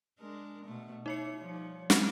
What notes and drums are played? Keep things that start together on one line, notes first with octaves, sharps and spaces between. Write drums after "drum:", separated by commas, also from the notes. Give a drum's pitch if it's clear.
G#3 D4 A#4
B2 A3
D#4 E4 C#5 C#7
F3 G3
drum: snare